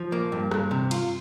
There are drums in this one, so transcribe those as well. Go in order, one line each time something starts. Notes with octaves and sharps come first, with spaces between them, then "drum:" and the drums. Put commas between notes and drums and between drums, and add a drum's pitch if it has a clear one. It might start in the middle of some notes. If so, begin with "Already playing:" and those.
Already playing: F3
A#3
G2
G2, drum: rim click
C3
F4, drum: cymbal